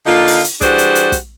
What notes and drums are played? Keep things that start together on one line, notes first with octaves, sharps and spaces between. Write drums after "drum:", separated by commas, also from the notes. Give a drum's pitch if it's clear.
D3 A#3 D#4 F4
drum: open hi-hat
drum: hi-hat
E3 G3 D4 F#4 G#4 C5, drum: kick, hi-hat
drum: hi-hat
drum: hi-hat
drum: kick, hi-hat